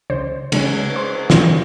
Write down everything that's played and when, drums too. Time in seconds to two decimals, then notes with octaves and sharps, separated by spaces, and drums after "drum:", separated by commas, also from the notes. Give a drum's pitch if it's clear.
0.10 C#2 C5
0.52 C#3 G#3 C#4, drum: cymbal
0.96 C5
1.30 drum: snare